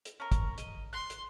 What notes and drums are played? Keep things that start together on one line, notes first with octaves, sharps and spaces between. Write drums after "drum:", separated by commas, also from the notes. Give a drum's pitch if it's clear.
drum: hi-hat
C#4 A#4
drum: kick, hi-hat
D#5, drum: hi-hat
C6 F#6
drum: hi-hat